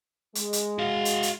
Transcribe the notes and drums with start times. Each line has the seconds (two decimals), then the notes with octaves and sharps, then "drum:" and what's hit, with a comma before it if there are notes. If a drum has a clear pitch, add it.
0.35 G#3, drum: hi-hat
0.53 drum: hi-hat
0.79 F#4 F5
1.05 drum: hi-hat
1.23 drum: hi-hat